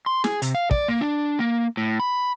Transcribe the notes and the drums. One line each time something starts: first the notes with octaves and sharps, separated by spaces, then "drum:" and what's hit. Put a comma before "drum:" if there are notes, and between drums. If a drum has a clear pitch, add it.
C6
G#4, drum: snare
C3, drum: hi-hat
F5
D5, drum: kick
A#3
D4
A#3
A2
B5